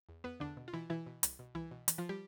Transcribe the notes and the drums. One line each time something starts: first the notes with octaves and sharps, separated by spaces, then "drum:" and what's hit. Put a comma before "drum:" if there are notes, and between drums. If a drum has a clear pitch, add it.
E2
E2 B3 B4
E2 D3 D4
B2
F4
B2 E3 E4
B2 E3 E4
B2
C2, drum: hi-hat
B2
C2 E3 E4
B2
E3, drum: hi-hat
F3 F4
G3 G4